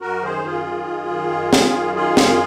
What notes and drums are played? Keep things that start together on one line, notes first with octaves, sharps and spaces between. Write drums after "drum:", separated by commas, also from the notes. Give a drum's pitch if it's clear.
F#2 F#4 A#4
D#3 G#4 C5
F#2 F4 G#4
D#3
F#2
D#3
F#2
D#3, drum: snare
F#2
D#3 F4 G#4
F#2, drum: snare